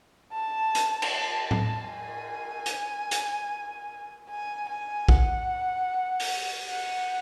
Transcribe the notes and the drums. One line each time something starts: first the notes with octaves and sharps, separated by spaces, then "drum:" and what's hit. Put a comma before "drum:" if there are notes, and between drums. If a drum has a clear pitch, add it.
A5
drum: hi-hat
drum: cymbal
A5
drum: tom A2
G#5
drum: hi-hat
drum: hi-hat
G#5
G#5
F#5, drum: kick
drum: open hi-hat
F#5